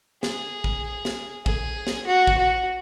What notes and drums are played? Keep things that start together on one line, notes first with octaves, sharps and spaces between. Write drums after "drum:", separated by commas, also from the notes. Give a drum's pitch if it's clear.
G#4, drum: snare
drum: kick
drum: snare
G#4, drum: kick
drum: snare
F#4
drum: kick
F#4